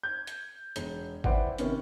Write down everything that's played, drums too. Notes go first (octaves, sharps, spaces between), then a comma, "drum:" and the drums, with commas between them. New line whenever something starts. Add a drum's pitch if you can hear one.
G6 G#6
drum: hi-hat
E1, drum: hi-hat
E4 B4 C5 D5 F#5 G5, drum: kick G#1
C3 D#3 B3 C#4, drum: hi-hat